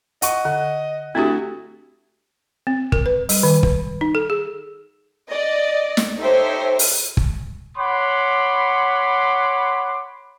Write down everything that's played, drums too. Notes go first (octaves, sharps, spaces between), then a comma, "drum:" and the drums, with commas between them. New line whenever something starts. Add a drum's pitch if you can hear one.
D#5 F#5 C#6, drum: hi-hat
D3 F#5
A3 C4 D4 E4 F#4 G4
C4
A#4, drum: kick
B4
G3, drum: open hi-hat
D#3
B4, drum: kick
D#4
A4
G#4
D5 D#5
drum: snare
D#4 G4 A4 C5 C#5 E5
drum: open hi-hat
drum: kick
C#5 F#5 B5 C6 D6